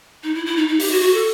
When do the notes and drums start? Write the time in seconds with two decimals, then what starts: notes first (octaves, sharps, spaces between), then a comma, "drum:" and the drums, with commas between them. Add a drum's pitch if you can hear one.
0.23 D#4
0.35 E4
0.46 E4
0.57 D#4
0.68 D#4
0.80 G4, drum: open hi-hat
0.91 F#4
1.02 F#4
1.14 A4